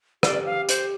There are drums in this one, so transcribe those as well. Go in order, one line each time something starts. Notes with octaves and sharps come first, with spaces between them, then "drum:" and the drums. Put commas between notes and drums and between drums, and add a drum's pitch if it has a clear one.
G4 D5, drum: rim click
F5
C5, drum: hi-hat